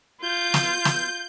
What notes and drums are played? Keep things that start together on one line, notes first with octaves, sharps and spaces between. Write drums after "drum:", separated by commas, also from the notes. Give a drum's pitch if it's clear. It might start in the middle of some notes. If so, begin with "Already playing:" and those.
F4 G6
drum: snare
drum: snare